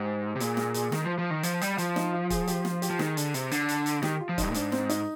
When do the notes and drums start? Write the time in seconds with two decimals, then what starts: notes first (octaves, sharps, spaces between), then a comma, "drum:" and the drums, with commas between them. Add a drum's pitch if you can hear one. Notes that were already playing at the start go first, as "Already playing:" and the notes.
Already playing: G#2 G4
0.36 C3
0.40 A#2 G#4, drum: hi-hat
0.57 G#4, drum: snare
0.74 G#4, drum: hi-hat
0.92 D#3, drum: snare
1.04 F3
1.18 F3
1.30 D#3
1.43 F3, drum: hi-hat
1.61 G3, drum: hi-hat
1.78 F3, drum: hi-hat
1.96 D#4, drum: snare
2.13 F4
2.30 G#4, drum: kick, hi-hat
2.47 G4, drum: hi-hat
2.65 F4, drum: snare
2.82 G4, drum: hi-hat
2.90 F3
2.99 D#3 G#4, drum: snare
3.17 D3, drum: hi-hat
3.34 C3, drum: hi-hat
3.51 D3, drum: hi-hat
3.69 drum: hi-hat
3.86 drum: hi-hat
4.03 D#3 G4, drum: snare
4.20 F4
4.29 F3
4.38 G2 D#4, drum: kick, hi-hat
4.51 A#2
4.54 G#2 D4, drum: hi-hat
4.72 C4, drum: snare
4.89 D#4, drum: hi-hat